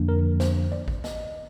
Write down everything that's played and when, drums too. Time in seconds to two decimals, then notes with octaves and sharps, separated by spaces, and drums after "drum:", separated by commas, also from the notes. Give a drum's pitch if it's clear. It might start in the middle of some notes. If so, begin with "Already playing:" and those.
Already playing: F2 D3 F3 A#3 D4
0.09 A#4
0.40 C5, drum: snare
0.72 D5, drum: tom D3
0.88 drum: kick G#1
1.04 D#5, drum: snare